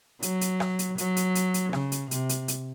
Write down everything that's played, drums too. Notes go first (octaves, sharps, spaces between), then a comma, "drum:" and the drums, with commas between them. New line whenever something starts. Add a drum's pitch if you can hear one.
F#3, drum: hi-hat
drum: hi-hat
drum: rim click
drum: hi-hat
F#3, drum: hi-hat
drum: hi-hat
drum: hi-hat
drum: hi-hat
C#3, drum: rim click
drum: hi-hat
C3, drum: hi-hat
drum: hi-hat
drum: hi-hat